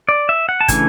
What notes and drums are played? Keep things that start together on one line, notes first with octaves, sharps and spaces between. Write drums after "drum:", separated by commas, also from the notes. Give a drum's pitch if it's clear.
D5
E5
F#5
A5
C#3 E3 A3 D4 G#5, drum: kick, hi-hat